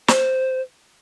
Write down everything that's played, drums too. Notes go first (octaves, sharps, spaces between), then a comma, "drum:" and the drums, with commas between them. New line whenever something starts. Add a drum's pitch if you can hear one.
C5, drum: snare